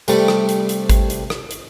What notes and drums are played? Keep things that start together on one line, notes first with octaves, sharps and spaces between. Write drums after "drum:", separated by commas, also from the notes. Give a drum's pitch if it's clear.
C3 G3 A3, drum: hi-hat
drum: rim click
drum: hi-hat
drum: hi-hat
drum: kick G#1, hi-hat
drum: hi-hat
drum: rim click
drum: hi-hat